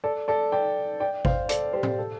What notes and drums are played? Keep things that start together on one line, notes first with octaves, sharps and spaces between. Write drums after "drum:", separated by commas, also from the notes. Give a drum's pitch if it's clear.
A4 D5
A4 D5
D5 G5
D5 G5
C5 F5, drum: kick G#1
A4 D5, drum: hi-hat
G4 C5
drum: tom A2
A4